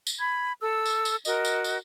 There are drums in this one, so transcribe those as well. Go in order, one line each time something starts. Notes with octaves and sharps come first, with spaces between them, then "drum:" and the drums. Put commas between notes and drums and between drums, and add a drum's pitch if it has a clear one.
drum: tambourine
B5 G#6
A4 E6
drum: tambourine
drum: tambourine
F#4 A#4 D#5, drum: tambourine
drum: tambourine
drum: tambourine